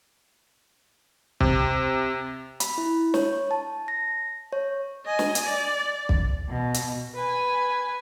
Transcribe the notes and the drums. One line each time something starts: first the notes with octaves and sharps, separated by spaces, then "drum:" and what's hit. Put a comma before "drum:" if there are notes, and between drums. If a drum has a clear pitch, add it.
C3, drum: kick
B5, drum: hi-hat
E4
C#5, drum: snare
A5
A#6
C#5
D#5 G#5
drum: snare
drum: hi-hat
D5
drum: kick
B2
drum: hi-hat
B4 G#5